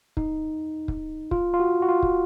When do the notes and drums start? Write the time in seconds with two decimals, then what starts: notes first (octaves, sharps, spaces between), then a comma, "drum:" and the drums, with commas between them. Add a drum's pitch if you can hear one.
0.17 D#4, drum: kick
0.88 drum: kick
1.31 F4, drum: kick
1.54 F4
1.60 F#4
1.82 F#4
1.89 F4
2.03 drum: kick